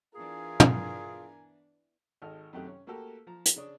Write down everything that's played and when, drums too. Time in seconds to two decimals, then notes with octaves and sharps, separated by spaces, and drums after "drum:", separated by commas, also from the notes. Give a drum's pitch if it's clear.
0.15 E3 B3 D4 F4 G#4 A#4 G#5
0.60 drum: tom
2.22 G#1 A4 D#5 F6
2.53 F#2 C3 D#3 A3 G4 F#6
2.67 C#4
2.87 A3 A#3 F#4 G4 A4 A#4
3.27 F3 A#5
3.46 drum: hi-hat
3.56 C#3 C#4 D4 D#6